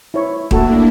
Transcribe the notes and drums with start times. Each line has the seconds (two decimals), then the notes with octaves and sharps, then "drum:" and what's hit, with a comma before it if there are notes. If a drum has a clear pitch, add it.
0.14 E4 C#5
0.51 A3 A#3 D4 E4 F#4 A4, drum: kick